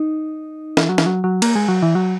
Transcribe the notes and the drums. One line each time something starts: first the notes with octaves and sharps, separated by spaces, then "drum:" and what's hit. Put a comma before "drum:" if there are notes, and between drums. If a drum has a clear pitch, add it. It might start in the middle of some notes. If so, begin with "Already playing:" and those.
Already playing: D#4
E3, drum: snare
F#3
E3, drum: snare
F#3
F#3
A#3, drum: cymbal
G#3
F#3
E3
F#3